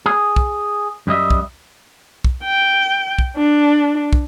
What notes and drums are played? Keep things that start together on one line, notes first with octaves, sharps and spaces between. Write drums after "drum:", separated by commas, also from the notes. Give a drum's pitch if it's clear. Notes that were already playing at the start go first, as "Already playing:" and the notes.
G#4
drum: kick
F#2 G3 D#5 E5
drum: kick
drum: kick
G5
drum: kick
D4
drum: kick